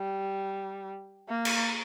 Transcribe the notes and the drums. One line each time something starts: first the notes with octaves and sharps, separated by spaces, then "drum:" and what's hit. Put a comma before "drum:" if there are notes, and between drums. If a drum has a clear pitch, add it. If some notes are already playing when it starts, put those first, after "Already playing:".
Already playing: G3
A#3
drum: cymbal